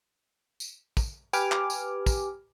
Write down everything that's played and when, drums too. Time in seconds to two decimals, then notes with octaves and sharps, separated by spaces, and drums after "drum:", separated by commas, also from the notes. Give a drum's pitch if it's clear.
0.60 drum: tambourine
0.97 drum: kick, tambourine
1.33 G4 B4 G#5 D6 F6, drum: tambourine
1.52 drum: clap
1.70 drum: tambourine
2.06 drum: kick, tambourine